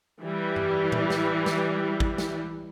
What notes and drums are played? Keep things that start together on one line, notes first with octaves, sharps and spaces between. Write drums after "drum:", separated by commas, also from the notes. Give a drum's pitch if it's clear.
E3 G3
drum: tom G2
drum: tom A2
drum: snare
drum: snare
drum: kick G#1
drum: snare